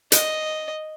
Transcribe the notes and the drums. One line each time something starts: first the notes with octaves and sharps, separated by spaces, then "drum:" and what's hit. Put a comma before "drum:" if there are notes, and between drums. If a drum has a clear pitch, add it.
D#5, drum: hi-hat